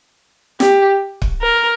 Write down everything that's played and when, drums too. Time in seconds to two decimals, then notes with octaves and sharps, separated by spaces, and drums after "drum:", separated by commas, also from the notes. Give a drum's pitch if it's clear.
0.60 G4, drum: snare
1.22 drum: kick
1.42 A#4